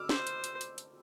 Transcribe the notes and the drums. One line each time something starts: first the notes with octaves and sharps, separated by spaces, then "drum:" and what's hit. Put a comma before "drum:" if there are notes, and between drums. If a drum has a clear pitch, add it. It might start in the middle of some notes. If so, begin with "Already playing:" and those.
Already playing: D6 E6 F6
C5, drum: snare
drum: hi-hat
drum: hi-hat
drum: hi-hat
drum: hi-hat